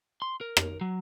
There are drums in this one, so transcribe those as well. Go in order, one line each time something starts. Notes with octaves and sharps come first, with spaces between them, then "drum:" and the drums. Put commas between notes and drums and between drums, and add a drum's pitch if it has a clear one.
C6
A#4
drum: rim click
F#3